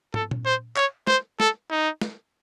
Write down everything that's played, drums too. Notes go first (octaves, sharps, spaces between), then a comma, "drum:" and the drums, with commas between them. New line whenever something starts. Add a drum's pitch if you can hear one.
A4, drum: tom
drum: tom A#2
C5
C#5, drum: clap
C5, drum: snare
A4, drum: snare
D#4
drum: snare